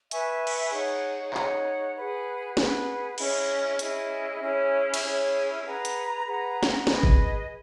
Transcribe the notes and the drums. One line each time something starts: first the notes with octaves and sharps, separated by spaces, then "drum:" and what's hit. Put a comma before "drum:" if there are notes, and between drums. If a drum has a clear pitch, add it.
B4 E5 G#5 C#6, drum: hi-hat
drum: cymbal
D#4 G#4 C#5 F#5
D#4 G#4 C#5 F#5, drum: clap
G#4 B4 F#5
G#4 B4 F#5, drum: snare
C#4 E4 G#4 D#5, drum: cymbal
C#4 E4 G#4 D#5, drum: hi-hat
C#4 E4 G#4 C#5
drum: cymbal
C#4 E4 G#4 C#5
G#4 B4 F#5 A#5
drum: hi-hat
G#4 B4 F#5 A#5
drum: snare
G#4 B4 D#5, drum: snare
drum: kick G1